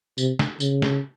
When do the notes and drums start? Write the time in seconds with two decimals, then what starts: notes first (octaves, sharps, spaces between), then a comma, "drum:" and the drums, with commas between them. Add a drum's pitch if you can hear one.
0.18 C3, drum: tambourine
0.39 drum: snare
0.60 C#3, drum: tambourine
0.82 drum: snare